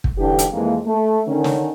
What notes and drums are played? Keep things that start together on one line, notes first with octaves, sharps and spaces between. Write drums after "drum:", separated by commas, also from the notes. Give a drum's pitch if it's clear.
drum: kick
G#2 D3 E3 D4 E4 G4
drum: hi-hat
F2 E3 G#3 A#3
A3
D3 D#3 C#4
drum: snare